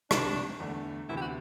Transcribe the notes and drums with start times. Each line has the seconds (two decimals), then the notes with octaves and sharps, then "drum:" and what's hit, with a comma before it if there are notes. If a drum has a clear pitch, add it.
0.11 C2 C3 G3 D4, drum: rim click
0.60 E2 D3 A3
1.09 D2 C3 E3 B3 E4
1.17 G4
1.21 F#4